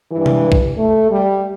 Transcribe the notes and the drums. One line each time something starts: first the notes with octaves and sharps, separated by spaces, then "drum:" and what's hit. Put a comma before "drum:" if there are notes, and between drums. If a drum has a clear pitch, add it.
G2 E3
drum: tom C3
drum: kick
A3
G3